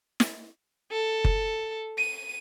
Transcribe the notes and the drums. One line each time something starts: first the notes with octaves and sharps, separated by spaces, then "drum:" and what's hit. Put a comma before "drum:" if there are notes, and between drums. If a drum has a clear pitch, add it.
drum: snare
A4
drum: kick F#1
D#7